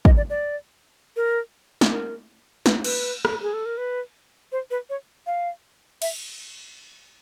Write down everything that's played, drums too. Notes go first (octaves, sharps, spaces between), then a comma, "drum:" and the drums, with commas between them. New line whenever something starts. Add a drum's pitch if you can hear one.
D#5, drum: kick
D5
D5
A#4
drum: snare
A#4
B4, drum: snare
B4, drum: cymbal
drum: rim click
G#4
A4
A#4
B4
C5
B4
C#5
F5
E5, drum: cymbal